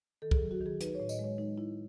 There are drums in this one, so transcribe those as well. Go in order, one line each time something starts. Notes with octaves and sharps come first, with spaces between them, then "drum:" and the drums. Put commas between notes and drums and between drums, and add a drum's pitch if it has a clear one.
D#3 A4
G#4, drum: kick C2
F#3 A4
F#4
D#3 G#4
D#4 B4, drum: hi-hat
A2 C#5
D#5, drum: tambourine
G#3
C#5
G#3 D#4
D#4 E4